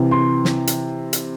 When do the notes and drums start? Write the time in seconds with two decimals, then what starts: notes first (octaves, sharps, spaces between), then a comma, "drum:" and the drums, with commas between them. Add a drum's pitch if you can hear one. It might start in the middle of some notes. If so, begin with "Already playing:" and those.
Already playing: C3 E3
0.11 C6
0.45 drum: snare
0.67 drum: hi-hat
1.13 drum: hi-hat